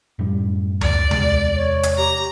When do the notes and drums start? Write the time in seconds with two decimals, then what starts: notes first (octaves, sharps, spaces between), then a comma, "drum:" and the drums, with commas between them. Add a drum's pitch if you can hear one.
0.19 F#2 A2 G3
0.81 D5, drum: tom D2
1.11 E2 C3 G#3, drum: tom D2
1.55 C#5
1.83 drum: hi-hat
1.98 G4 A#5